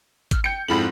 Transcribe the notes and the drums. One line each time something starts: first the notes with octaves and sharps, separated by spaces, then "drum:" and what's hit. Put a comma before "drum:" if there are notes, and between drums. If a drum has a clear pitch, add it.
F6, drum: kick, hi-hat
G5 G6 C#7
F2 G#2 E4 B5 F#7